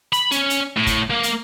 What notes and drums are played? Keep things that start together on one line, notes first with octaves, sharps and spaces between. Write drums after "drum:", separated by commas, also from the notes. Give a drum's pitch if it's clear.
B5, drum: hi-hat
C#4, drum: hi-hat
drum: hi-hat
A2
drum: kick, hi-hat
A#3
drum: hi-hat